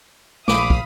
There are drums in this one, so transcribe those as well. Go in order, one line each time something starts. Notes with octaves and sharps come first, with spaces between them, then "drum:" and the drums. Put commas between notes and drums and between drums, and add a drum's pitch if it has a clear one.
A#1 F5 B5 D6 D#6, drum: snare
drum: kick